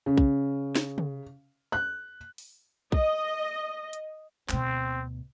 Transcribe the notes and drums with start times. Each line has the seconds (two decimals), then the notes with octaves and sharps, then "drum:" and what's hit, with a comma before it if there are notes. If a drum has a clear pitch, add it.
0.06 C#3
0.18 drum: kick A#1
0.76 drum: snare
0.98 drum: tom
1.72 F#6
2.38 drum: open hi-hat
2.92 D#5, drum: kick A#1
3.93 drum: hi-hat
4.49 D2 B2 C4, drum: clap